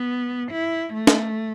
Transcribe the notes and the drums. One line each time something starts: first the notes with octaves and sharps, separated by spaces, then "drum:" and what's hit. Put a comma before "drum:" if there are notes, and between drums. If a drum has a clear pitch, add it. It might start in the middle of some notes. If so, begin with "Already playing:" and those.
Already playing: B3
E4
A3
drum: snare